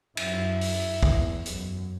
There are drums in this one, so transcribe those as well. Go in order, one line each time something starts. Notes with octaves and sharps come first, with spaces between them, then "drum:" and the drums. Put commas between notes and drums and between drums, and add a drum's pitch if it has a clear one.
F#2 E4, drum: cymbal
drum: open hi-hat
E2, drum: kick
F#2, drum: hi-hat